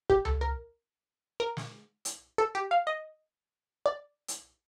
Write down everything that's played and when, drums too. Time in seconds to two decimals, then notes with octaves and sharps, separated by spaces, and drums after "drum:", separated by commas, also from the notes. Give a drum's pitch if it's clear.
0.10 G4, drum: kick
0.25 A4, drum: tom C#2
0.41 A#4
1.40 A#4
1.57 drum: snare
2.05 drum: hi-hat
2.38 A4
2.55 G4
2.71 F5
2.87 D#5
3.86 D5
4.28 drum: hi-hat